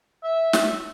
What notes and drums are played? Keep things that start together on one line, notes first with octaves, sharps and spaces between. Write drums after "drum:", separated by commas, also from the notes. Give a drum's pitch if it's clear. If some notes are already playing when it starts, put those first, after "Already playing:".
E5
drum: snare